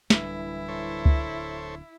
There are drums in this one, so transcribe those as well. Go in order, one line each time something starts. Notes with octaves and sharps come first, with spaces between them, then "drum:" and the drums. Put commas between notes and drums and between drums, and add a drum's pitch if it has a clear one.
D1 D3 E3 G3 E4, drum: snare
A4 C5 C#5
drum: kick C#2